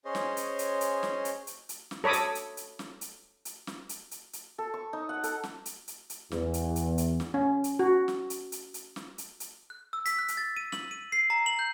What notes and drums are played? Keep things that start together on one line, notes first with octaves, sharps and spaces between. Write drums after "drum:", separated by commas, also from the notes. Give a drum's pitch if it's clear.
C#4 G#4 C5 C#5 D#5 C6
drum: snare
drum: hi-hat
drum: hi-hat
drum: hi-hat
drum: snare
drum: hi-hat
drum: hi-hat
drum: hi-hat
drum: snare
A4 C#5 B5 D6 D#6
drum: hi-hat
drum: hi-hat
drum: hi-hat
drum: snare
drum: hi-hat
drum: hi-hat
drum: snare
drum: hi-hat
drum: hi-hat
drum: hi-hat
A4
C#6
D#4
F#5
A4, drum: hi-hat
drum: snare
drum: hi-hat
drum: hi-hat
drum: hi-hat
E2, drum: snare
drum: hi-hat
drum: hi-hat
drum: hi-hat
drum: snare
C#4
drum: hi-hat
F#4
drum: snare
drum: hi-hat
drum: hi-hat
drum: hi-hat
drum: snare
drum: hi-hat
drum: hi-hat
F#6
E6
B6, drum: hi-hat
F#6
drum: hi-hat
A6
D#7
F#7, drum: snare
D#7
C7
A#5
F#7
G6